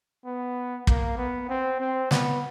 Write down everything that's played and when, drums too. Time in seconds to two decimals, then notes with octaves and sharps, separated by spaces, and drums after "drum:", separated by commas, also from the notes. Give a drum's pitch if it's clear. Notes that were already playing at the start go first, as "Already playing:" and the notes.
0.25 B3
0.87 A#3, drum: kick
1.17 B3
1.49 C4
1.80 C4
2.11 B3, drum: snare